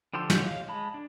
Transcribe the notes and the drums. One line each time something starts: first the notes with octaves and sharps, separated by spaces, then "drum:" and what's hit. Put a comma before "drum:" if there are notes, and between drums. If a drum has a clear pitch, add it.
D3 F3 G4 A4 C6
D3 G#3 D4 F#4 G6, drum: snare
C#5 D#5 F5
G#3 A5 B5
D4